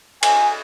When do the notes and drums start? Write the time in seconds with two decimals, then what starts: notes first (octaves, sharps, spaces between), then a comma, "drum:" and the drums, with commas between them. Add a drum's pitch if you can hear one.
0.23 G#5, drum: cymbal